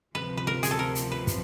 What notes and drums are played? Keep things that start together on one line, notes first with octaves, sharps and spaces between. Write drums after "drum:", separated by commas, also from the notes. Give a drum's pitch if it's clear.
D2 C3 F3 B4
B4
A#4
G#4, drum: hi-hat
A4
A#4
drum: hi-hat
B4
drum: kick, hi-hat